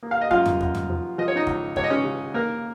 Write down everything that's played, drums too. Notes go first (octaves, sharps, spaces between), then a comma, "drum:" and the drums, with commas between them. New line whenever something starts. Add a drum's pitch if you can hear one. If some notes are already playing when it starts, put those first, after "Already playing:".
A#3
F5
D#5
F#2 F4 F5, drum: kick
drum: tom
F#2, drum: kick
drum: tom
F3
F3 D#5
C#5
D#4 D#5
C#2, drum: kick
C#2 C#5, drum: kick
D#5
C#4 C#5
C#3
A#3 A#4